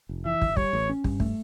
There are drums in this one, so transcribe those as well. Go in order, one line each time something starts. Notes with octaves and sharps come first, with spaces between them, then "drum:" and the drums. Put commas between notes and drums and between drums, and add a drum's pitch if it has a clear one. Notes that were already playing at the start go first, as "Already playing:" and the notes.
F1
E3 E5
G1, drum: kick
G3 C#5, drum: kick
A1
C#4
G2, drum: kick
A3, drum: kick